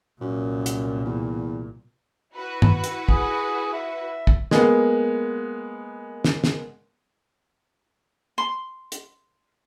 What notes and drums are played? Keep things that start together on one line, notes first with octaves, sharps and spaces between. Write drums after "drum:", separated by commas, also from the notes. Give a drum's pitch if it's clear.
C2 F#2 A#2
drum: hi-hat
E2
E4 F#4 B4
drum: tom G2
drum: hi-hat
G#4, drum: kick
E5
drum: kick
G#3 A#3 B3, drum: snare
drum: snare
drum: snare
C6
drum: hi-hat